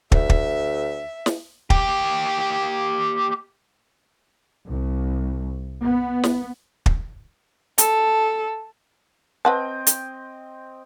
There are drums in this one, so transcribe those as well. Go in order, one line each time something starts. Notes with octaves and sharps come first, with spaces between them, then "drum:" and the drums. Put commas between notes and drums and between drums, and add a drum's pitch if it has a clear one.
D2 E5, drum: kick
drum: kick
drum: snare
A#3 G4, drum: kick
C2
B3
drum: snare
drum: kick
A4, drum: hi-hat
C4 B4 D#5 F#5 G5 A5
drum: hi-hat